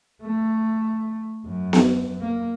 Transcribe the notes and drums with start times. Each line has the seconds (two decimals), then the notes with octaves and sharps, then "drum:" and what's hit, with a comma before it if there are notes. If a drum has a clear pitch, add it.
0.22 A3
1.46 F#2
1.73 drum: snare B3
2.21 A#3